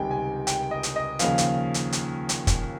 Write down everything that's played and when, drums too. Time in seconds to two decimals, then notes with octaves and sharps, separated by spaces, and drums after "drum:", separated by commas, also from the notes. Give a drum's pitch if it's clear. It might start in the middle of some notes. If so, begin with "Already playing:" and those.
Already playing: C#2 C3 D#3 G3 C4 G5 G#5
0.11 G#5
0.47 G5, drum: hi-hat
0.71 D#5
0.83 drum: hi-hat
0.96 D#5
1.19 D#2 C#3 F3 F5, drum: hi-hat
1.38 drum: hi-hat
1.74 drum: hi-hat
1.92 drum: hi-hat
2.29 drum: hi-hat
2.47 drum: kick, hi-hat